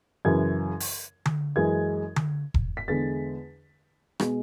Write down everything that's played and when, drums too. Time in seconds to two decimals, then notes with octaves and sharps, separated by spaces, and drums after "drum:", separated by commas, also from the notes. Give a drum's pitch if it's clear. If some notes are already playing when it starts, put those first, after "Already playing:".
0.25 F#2 C#3 E3 G#6
0.80 drum: open hi-hat
1.26 drum: tom D3
1.56 F#2 E3 G#3 G#6
2.16 drum: tom D3
2.54 drum: kick E1
2.77 B6
2.88 E2 D3 G#3 A6
4.20 B2 G#3, drum: rim click